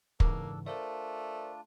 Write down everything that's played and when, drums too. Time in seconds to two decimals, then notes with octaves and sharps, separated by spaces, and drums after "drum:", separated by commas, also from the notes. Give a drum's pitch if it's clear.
0.20 G#2 C#3 E3 A#3 D4 A4, drum: kick
0.66 A3 D4 F4 A#4 C5 D5